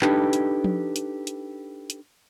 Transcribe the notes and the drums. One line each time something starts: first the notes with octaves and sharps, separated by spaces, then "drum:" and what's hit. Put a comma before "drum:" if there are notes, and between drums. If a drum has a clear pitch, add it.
D4 D#4 G4 A4 B4, drum: clap
drum: hi-hat
drum: tom F3
drum: hi-hat
drum: hi-hat
drum: hi-hat